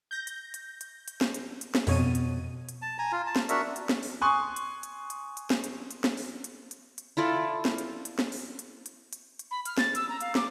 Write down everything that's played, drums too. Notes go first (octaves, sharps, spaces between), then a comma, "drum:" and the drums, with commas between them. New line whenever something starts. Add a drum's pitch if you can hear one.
G6 A#6
drum: hi-hat
drum: hi-hat
drum: hi-hat
drum: hi-hat
drum: snare
drum: hi-hat
drum: hi-hat
drum: snare
F2 B2 C#5 D#7, drum: open hi-hat
drum: hi-hat
drum: hi-hat
A5
G#5 A#5
F4
A5
drum: snare
D4 F#4 A#4 E5, drum: hi-hat
drum: hi-hat
drum: snare
drum: open hi-hat
G#5 C6 C#6 D#6 F#6
drum: hi-hat
drum: hi-hat
drum: hi-hat
drum: hi-hat
drum: snare
drum: hi-hat
drum: hi-hat
drum: snare
drum: open hi-hat
drum: hi-hat
drum: hi-hat
drum: hi-hat
E4 F4 A4 D5
drum: snare
drum: hi-hat
drum: hi-hat
drum: snare
drum: open hi-hat
drum: hi-hat
drum: hi-hat
drum: hi-hat
drum: hi-hat
B5
F6, drum: hi-hat
A6, drum: snare
E6, drum: hi-hat
A#5
F5, drum: hi-hat
D6, drum: snare